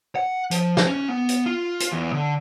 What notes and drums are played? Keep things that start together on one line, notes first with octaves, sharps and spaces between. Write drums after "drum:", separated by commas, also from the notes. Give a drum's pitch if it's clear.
F#5
F3, drum: hi-hat
drum: snare
C#4
B3
drum: hi-hat
F4
drum: hi-hat
E2
D3